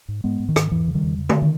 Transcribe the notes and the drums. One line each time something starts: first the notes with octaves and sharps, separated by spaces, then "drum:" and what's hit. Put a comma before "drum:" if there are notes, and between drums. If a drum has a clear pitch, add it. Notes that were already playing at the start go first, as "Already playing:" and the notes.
G#2
G#2 G#3 B3
G#2
D#3
G#2, drum: rim click
E2 E3
C#3
D#3 G3
E2
C#3
drum: tom D3
D#3